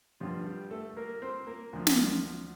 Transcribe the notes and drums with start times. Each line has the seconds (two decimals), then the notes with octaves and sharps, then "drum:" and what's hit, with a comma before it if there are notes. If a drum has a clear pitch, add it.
0.20 G2 D3 F3 G3 F4
0.46 G3 G4
0.71 A3 A4
0.97 A#3 A#4
1.22 C4 C5
1.47 A#3 A#4
1.73 D2 D3 F3
1.87 drum: snare